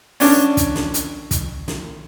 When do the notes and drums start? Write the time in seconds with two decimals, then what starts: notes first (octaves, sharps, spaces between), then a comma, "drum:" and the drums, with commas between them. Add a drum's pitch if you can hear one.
0.20 C#4 D4, drum: open hi-hat
0.57 drum: kick, hi-hat
0.75 drum: snare
0.94 drum: hi-hat
1.31 drum: kick, hi-hat
1.68 drum: snare